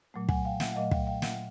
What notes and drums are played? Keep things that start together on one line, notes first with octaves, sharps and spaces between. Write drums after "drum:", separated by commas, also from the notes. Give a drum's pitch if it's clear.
A#2 F#3 A3
F#5 G#5, drum: kick
F5 G5
E5 F#5, drum: snare
F#5
A#2 F#3 A3 D#5 F5
F5 G5, drum: kick
F5 G5
E5 F#5, drum: snare